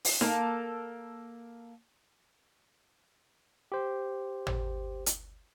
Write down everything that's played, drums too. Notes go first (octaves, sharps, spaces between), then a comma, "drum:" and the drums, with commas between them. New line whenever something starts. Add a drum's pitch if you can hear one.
drum: open hi-hat
A#3 A4, drum: snare D#4
G4 C5
drum: tom
drum: hi-hat